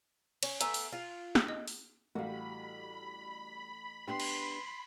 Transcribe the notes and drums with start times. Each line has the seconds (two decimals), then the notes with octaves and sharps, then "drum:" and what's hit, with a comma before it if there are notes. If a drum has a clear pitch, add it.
0.43 C#4, drum: cymbal
0.61 A3 B3 E5 G#5 A#5, drum: hi-hat
0.74 drum: open hi-hat
0.92 F4
1.35 drum: snare
1.49 D#5
1.68 drum: open hi-hat
2.15 A1 G3 F#4 F5 B5
4.08 B3 D4 G4 C6
4.20 drum: cymbal